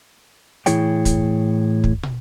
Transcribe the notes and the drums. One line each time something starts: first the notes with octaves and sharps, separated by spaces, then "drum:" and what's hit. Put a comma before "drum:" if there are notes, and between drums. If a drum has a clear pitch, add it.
A2 E3 E4 G#4 C#5 G5, drum: hi-hat
drum: kick, hi-hat
drum: kick
drum: tom